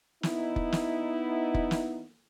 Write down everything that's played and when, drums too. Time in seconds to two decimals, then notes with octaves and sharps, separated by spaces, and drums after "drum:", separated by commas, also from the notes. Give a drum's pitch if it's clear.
0.23 B3 D#4 E4, drum: snare
0.56 drum: kick F1
0.72 drum: snare
1.54 drum: kick F1
1.71 drum: snare